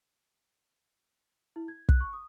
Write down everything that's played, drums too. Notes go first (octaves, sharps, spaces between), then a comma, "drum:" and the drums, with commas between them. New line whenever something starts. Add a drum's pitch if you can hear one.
E4
G#6
F#6, drum: kick
C#6
D#6